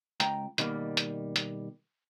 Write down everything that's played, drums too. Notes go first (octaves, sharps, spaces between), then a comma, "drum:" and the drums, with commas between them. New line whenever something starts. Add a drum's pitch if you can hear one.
C#2 G5 A#5, drum: hi-hat
B2 D#3 G3 A#3, drum: hi-hat
drum: hi-hat
drum: hi-hat